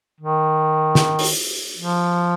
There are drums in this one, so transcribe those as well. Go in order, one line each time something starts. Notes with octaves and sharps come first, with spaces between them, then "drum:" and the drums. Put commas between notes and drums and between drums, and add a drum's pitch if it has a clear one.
D#3
drum: snare
drum: open hi-hat
F3